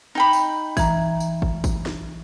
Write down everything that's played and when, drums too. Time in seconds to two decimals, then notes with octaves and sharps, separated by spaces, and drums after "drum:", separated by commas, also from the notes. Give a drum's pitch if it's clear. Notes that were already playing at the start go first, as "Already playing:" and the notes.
0.15 D#4 G5 B5
0.33 drum: tambourine
0.77 E3 A#5, drum: kick, tambourine
1.20 drum: tambourine
1.42 drum: kick
1.64 drum: kick, tambourine
1.86 drum: snare